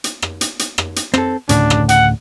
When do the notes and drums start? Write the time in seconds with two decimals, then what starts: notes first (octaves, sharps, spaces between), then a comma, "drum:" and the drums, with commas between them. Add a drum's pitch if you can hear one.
0.04 drum: hi-hat
0.22 drum: rim click
0.41 drum: hi-hat
0.59 drum: hi-hat
0.78 drum: rim click
0.96 drum: hi-hat
1.14 C4 A4, drum: rim click
1.49 D2 A2 C#3 D4, drum: hi-hat
1.70 drum: rim click
1.89 F#5, drum: hi-hat